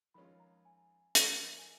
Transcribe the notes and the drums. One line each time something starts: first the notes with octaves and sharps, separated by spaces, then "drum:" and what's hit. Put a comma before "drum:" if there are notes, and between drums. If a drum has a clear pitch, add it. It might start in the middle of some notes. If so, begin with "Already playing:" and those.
F2 D#3 G#3 C#4 F4 B5
A#5
G#5
A#2 F3 A#3 D#4 G#4 D#5, drum: hi-hat
G#5